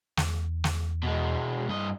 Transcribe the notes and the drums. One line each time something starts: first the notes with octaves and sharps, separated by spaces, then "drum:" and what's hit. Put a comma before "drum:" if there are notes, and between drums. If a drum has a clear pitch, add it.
E2, drum: snare
drum: snare
B2 G#3
G2 D#5